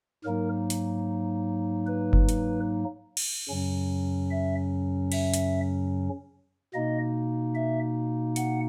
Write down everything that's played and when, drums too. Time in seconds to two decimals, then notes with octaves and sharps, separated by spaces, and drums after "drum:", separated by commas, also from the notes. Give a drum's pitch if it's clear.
0.24 G#2 F#3 A#3 D#4 A#4
0.70 drum: hi-hat
1.87 B4
2.13 drum: kick F#1
2.29 drum: hi-hat
3.17 drum: cymbal
3.49 F#2 C#3 F#3 C#4
4.31 E5
5.12 E5, drum: cymbal
5.34 drum: hi-hat
6.74 B2 A#3 D#4 D#5
7.55 E5
8.36 F#5, drum: hi-hat